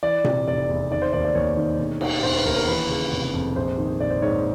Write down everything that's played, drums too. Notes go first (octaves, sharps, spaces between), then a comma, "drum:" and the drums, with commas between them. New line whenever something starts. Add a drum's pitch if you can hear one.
E3 D5
C3, drum: tom A#2
F1 D5
E2
D#3 D5
C5
D#2 D5
D5
D#2 C#5
D#3
E1
D#3, drum: cymbal
E1 C5
B4
D#2 A#4
A#4
E3 B4
C#3
F1
F2
A#1 C5
D#3
A#1 D5
C5
G#2 C#5